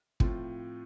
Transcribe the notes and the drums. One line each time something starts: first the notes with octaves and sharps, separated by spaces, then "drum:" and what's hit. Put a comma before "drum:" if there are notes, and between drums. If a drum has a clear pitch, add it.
A2 F3 C4 F4, drum: kick